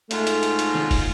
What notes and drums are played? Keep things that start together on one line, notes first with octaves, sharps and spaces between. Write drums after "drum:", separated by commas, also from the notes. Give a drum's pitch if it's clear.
G#2 A3 F4, drum: hi-hat
drum: hi-hat
drum: hi-hat
drum: hi-hat
drum: snare
drum: kick, open hi-hat